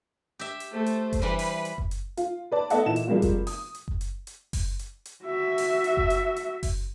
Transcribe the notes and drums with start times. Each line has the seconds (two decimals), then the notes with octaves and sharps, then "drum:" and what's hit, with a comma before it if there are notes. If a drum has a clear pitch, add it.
0.39 G4 E5
0.60 drum: hi-hat
0.72 A3 C5
0.86 drum: hi-hat
1.13 drum: kick F#1, hi-hat
1.22 E3 G3 B4
1.39 drum: open hi-hat
1.65 drum: hi-hat
1.78 drum: kick F#1
1.91 drum: hi-hat
2.17 F4, drum: hi-hat
2.52 B4 D5 A5
2.70 B3 A4 D#5 E5 F#5 A5, drum: hi-hat
2.86 A#2 E3 E7
2.96 drum: hi-hat
3.07 F3 G3 G#3 A#3 C4 F#4
3.22 drum: kick F#1, hi-hat
3.47 D#6, drum: open hi-hat
3.75 drum: hi-hat
3.88 drum: kick F#1
4.01 drum: hi-hat
4.27 drum: hi-hat
4.53 drum: kick F#1, open hi-hat
4.79 drum: hi-hat
5.05 drum: hi-hat
5.25 F#4 E5
5.58 drum: open hi-hat
5.84 drum: hi-hat
5.97 drum: kick F#1
6.10 drum: hi-hat
6.36 drum: hi-hat
6.63 drum: kick F#1, open hi-hat